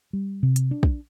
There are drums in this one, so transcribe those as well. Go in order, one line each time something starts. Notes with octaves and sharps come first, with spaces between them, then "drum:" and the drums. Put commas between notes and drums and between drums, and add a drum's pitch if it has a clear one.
G3
C3
drum: hi-hat
D4
drum: kick